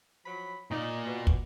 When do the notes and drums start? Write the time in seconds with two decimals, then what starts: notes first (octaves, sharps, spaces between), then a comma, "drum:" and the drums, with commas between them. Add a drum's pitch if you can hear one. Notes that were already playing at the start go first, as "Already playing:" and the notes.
0.25 F3 F#3 B5
0.71 A#2 D#4 D5
1.06 B2
1.27 drum: kick